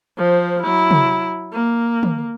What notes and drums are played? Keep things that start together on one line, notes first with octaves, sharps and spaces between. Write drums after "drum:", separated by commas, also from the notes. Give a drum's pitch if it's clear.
F3 C5
F#3 E4
drum: tom
A#3
drum: tom